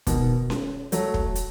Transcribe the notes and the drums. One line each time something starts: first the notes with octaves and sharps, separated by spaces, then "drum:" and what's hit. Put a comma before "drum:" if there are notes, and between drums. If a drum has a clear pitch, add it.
B2 D#3, drum: kick, hi-hat
drum: snare C#4
F#3 A3, drum: hi-hat
drum: kick
drum: hi-hat